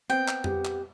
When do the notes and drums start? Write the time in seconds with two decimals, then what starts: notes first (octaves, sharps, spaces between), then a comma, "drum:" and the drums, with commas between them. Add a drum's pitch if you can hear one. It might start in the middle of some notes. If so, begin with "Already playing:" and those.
0.10 B3 C4 G5
0.28 drum: clap
0.44 G4, drum: tom F2
0.65 drum: clap